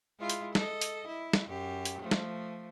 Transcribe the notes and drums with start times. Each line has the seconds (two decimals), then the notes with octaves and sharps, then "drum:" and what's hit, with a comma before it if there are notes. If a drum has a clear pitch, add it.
0.20 G#3 E4 F4
0.30 drum: hi-hat
0.55 A4 D#5, drum: snare
0.81 drum: hi-hat
1.07 E4
1.33 drum: snare
1.47 F#2 G4
1.85 drum: hi-hat
2.02 F3 A3
2.11 drum: snare